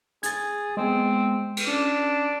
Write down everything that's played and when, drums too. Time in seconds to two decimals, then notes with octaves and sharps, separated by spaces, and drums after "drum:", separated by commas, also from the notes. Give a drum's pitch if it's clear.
0.23 G#4 G#6 A6, drum: hi-hat
0.77 G#3 B3 C4
1.57 drum: cymbal
1.67 C#4 D4